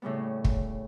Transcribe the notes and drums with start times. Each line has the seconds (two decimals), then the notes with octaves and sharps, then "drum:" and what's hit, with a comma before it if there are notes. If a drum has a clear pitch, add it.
0.02 A2 C#3 G3 B3
0.45 drum: kick